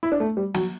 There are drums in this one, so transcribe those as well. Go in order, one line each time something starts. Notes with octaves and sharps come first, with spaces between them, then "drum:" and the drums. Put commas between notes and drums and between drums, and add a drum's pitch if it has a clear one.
E4
D4
A3
G3
F#3, drum: snare